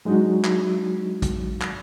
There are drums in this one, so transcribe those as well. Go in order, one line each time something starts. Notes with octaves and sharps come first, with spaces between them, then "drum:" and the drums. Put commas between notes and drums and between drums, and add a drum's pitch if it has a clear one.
F#3 G#3 D4 D#4 F#4
drum: clap
drum: kick, hi-hat
drum: clap